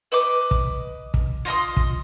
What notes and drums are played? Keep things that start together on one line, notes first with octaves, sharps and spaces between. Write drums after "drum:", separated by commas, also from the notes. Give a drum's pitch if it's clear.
B4 D#5 D6
drum: kick
drum: kick
F4 D#5 C6 D#6
drum: kick